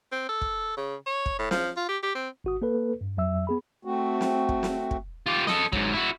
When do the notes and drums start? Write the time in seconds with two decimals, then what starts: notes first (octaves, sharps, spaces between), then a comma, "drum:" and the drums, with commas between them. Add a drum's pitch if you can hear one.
0.12 C4
0.29 A4
0.42 drum: kick
0.77 C#3
1.06 C#5
1.26 drum: kick
1.39 A2
1.51 F3, drum: snare
1.77 F4
1.88 G4
2.03 G4
2.15 C4
2.44 G#1 F#4 D#6
2.62 A#3 A4 B4
3.01 G2
3.17 F2 F#3 E5 E6
3.47 B3 G#4 B5
3.85 A3 C4 F#4
4.21 drum: snare
4.49 drum: kick
4.63 drum: snare
4.91 drum: kick
5.26 F4 G4
5.47 A4 D#5, drum: snare
5.73 G#2 F#3, drum: kick
5.93 E4 F#4